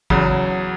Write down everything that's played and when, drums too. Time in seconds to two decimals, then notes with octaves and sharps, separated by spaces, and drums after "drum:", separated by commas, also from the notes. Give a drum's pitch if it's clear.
0.10 E2 C#3 F#3, drum: kick